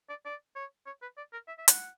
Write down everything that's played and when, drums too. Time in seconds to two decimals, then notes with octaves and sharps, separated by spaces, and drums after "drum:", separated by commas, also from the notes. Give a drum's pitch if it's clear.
0.09 D5
0.25 D5
0.55 C#5
0.86 C#5
1.02 B4
1.17 D5
1.33 A#4
1.48 E5
1.58 E5
1.68 F#5, drum: hi-hat